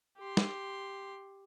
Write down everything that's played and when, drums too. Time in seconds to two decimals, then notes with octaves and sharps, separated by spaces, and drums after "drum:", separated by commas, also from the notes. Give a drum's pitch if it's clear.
0.18 G4 C6
0.37 drum: snare